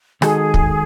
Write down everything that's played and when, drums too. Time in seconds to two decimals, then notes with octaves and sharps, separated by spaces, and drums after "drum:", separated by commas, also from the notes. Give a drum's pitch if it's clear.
0.22 D#3 G#3 D#4 F#4 G#4 A4, drum: rim click
0.54 drum: kick